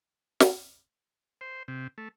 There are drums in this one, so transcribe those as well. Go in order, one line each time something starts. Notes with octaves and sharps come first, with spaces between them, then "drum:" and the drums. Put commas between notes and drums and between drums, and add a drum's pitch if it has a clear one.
drum: snare
C5
C3
A3